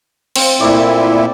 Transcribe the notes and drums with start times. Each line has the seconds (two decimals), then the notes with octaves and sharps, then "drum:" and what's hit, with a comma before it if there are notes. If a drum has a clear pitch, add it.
0.36 C4 F4, drum: cymbal
0.60 A#2 A3 E4 D5